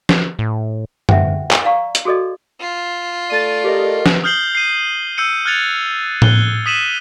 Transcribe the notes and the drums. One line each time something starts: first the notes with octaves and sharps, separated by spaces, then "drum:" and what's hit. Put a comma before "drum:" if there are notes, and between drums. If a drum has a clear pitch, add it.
drum: snare
A2
E5 F#5 G5, drum: tom
drum: clap
D5 F5 A#5 C#6
drum: hi-hat
F#4 G#4 A4 D5 D#5
F4
A3 D5 A6 D#7
G4 A#4 D#5
drum: snare
D#6 F6 G6 C7 F#7 G7
C7 D#7
E6 G6 C#7 D#7
F6 F#6 G#6 A6 C#7 F7
F#6 G7, drum: tom A2
D#6 B6 D#7 E7 F#7